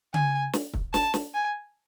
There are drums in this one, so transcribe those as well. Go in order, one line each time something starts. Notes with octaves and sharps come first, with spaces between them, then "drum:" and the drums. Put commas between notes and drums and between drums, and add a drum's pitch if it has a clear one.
G#5, drum: tom C#3
drum: snare
drum: kick
A5, drum: snare
drum: snare
G#5